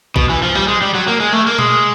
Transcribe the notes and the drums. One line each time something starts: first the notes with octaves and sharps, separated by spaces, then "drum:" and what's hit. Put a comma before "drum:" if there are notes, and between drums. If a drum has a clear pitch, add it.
B2, drum: kick
E3
F3
G3
G#3
G3
F#3
A#3
G#3
A3
A#3
G#3, drum: tom B2